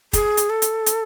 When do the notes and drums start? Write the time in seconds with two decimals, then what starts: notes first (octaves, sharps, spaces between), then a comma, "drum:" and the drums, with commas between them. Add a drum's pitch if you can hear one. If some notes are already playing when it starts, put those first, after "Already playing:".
0.13 G#4, drum: kick, hi-hat
0.37 drum: hi-hat
0.50 A4
0.62 drum: hi-hat
0.86 drum: hi-hat